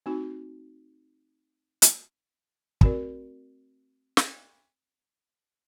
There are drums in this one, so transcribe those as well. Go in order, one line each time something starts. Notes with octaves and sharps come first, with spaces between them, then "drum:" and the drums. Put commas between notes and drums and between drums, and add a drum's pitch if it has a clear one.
A3 C4 D#4 F#4
drum: hi-hat
A3 C4 F#4 A#4 D5, drum: kick
drum: snare